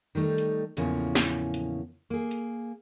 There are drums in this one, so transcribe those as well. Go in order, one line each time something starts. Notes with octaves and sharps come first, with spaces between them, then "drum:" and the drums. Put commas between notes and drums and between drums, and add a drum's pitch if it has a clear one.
D#3 G3 A3 D#4
drum: hi-hat
E2 A2 C#3 F3 A#3 C#4, drum: hi-hat
drum: snare
drum: hi-hat
A#3 G#4
drum: hi-hat